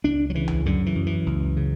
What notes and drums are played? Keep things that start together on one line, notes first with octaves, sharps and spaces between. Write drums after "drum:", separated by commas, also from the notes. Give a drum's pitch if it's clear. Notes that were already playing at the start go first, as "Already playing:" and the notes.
C#2 D4
F#3
C#3 E3
drum: tom C#2
F#2 D3
E3
F#2
E3
C#2
C#3